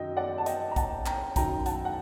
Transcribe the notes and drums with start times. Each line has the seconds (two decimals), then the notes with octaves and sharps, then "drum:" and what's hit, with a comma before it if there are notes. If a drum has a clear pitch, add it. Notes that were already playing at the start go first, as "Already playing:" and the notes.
Already playing: F#2 D#3 F#3 D#5 G5
0.17 D5 F#5
0.38 A5
0.46 D#5 G5, drum: hi-hat
0.71 A#5
0.76 F#5 A5, drum: kick, hi-hat
1.06 G5 A#5, drum: clap
1.36 F#2 D#3 F#3 G5 A#5, drum: kick, hi-hat
1.66 F#5 A5, drum: hi-hat
1.85 F#5